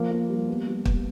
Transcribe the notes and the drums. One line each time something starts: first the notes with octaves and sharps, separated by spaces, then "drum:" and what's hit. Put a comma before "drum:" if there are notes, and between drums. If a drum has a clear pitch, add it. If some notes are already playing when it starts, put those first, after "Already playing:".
Already playing: F3 A#3
A#3
G3
B3
G3
B3, drum: kick